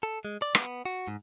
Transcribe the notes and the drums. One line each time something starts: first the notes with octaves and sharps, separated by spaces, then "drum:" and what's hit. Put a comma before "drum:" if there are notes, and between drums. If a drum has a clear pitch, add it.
A4
G#3
D5
B3, drum: rim click
F#4
G#2